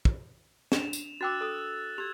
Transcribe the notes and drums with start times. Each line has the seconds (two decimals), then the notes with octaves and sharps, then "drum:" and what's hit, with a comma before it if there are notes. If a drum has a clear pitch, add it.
0.05 drum: kick
0.72 D4 E7 F7, drum: snare
0.93 drum: tambourine
1.21 F#4 G5 D6 E6 F#6 A6
1.41 A4 D#6
1.98 G4 G#6 F7